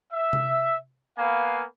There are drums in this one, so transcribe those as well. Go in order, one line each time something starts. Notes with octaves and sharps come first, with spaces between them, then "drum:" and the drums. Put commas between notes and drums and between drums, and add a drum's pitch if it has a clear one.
E5
drum: tom C3
A#3 B3 B4 F5 G#5